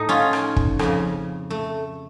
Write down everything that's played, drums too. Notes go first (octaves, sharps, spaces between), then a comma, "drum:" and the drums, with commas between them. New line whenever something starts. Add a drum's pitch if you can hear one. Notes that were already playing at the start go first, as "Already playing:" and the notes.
Already playing: A2 D#4 A4
C#4 F4
drum: rim click
drum: kick
F2 C#3, drum: rim click
A3